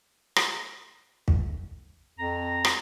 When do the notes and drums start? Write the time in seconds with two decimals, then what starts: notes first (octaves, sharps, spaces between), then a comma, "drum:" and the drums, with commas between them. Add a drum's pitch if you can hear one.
0.36 drum: rim click
1.28 drum: kick
2.19 F2 A#5
2.65 drum: rim click